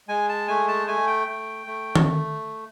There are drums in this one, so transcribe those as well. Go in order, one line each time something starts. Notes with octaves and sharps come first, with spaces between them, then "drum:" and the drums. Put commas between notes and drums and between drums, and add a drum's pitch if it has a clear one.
G#3 G#5
A5
A3 G#5
A5
A3 G#5
G5
A3
A3
drum: tom D#3